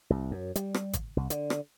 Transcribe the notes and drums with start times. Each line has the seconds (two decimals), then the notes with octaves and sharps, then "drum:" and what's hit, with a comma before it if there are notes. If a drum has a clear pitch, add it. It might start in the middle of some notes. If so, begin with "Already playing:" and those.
0.10 C2
0.31 F#2
0.56 G3, drum: hi-hat
0.74 drum: rim click
0.93 drum: kick G#1, hi-hat
1.17 C2
1.30 D3, drum: hi-hat
1.50 drum: rim click